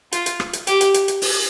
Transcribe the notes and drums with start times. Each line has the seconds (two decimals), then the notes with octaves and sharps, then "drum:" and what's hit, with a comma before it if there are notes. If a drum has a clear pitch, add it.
0.12 F4, drum: hi-hat
0.26 drum: hi-hat
0.40 drum: rim click
0.53 drum: hi-hat
0.67 G4, drum: hi-hat
0.81 drum: hi-hat
0.94 drum: hi-hat
1.08 drum: hi-hat
1.22 drum: open hi-hat